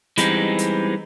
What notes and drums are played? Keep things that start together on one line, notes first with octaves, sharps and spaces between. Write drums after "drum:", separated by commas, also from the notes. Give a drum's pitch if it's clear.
E3 G3 G#3 B3 C4 D#4, drum: hi-hat
drum: hi-hat